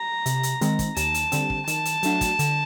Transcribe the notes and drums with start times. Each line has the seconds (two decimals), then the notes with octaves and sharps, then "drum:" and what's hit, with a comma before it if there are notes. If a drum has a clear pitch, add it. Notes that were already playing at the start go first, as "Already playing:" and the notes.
Already playing: A#5
0.26 C3, drum: hi-hat
0.43 drum: hi-hat
0.61 D#3 G#3 C4, drum: hi-hat
0.79 drum: kick, hi-hat
0.96 D#2 A5, drum: hi-hat
1.14 drum: hi-hat
1.32 D3 G3 C4, drum: hi-hat
1.50 drum: kick
1.67 D#3 A5, drum: hi-hat
1.85 drum: hi-hat
2.03 F#3 A3 D4 F#4, drum: hi-hat
2.21 drum: kick, hi-hat
2.39 D3, drum: hi-hat